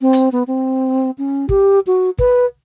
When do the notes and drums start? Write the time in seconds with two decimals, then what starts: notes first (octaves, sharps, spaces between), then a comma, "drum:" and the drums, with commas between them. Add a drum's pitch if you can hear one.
0.01 C4
0.13 drum: hi-hat
0.32 B3
0.47 C4
1.18 C#4
1.49 G4, drum: kick
1.87 F#4
2.18 B4, drum: kick